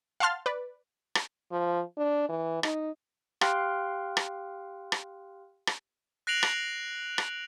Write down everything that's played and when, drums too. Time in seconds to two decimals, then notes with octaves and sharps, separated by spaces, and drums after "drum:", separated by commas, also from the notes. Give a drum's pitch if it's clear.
0.20 F5 F#5 A5 C6 F6 A6
0.46 B4 D5
1.15 drum: rim click
1.52 F3
1.97 D4
2.29 E3
2.63 D#4, drum: rim click
3.41 G4 F5 G5 C6 F6 F#6, drum: rim click
4.17 drum: rim click
4.92 drum: rim click
5.67 drum: rim click
6.27 F#6 A#6 C7 D7 F7 F#7
6.43 drum: rim click
7.18 drum: rim click